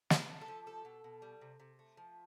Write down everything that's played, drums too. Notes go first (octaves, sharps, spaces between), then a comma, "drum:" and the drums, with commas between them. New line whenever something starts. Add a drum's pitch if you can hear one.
C3, drum: snare
B4
A3
A4
F3
G3 A4
B2
B2
G3
C3
C3
A3
F3